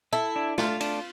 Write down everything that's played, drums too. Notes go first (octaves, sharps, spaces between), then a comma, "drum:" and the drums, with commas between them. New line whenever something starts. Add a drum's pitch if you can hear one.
E4 A4
D4
A3 F4, drum: snare
D4, drum: cymbal